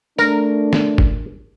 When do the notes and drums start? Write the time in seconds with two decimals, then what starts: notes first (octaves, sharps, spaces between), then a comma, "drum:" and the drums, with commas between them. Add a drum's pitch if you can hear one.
0.19 A3 D4 A#4, drum: tambourine
0.73 drum: snare
0.98 drum: kick